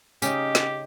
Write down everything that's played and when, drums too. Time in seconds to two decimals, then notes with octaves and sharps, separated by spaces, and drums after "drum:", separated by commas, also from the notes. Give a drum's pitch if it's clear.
0.22 C#3 C#4 D#4 G4, drum: tambourine
0.55 drum: snare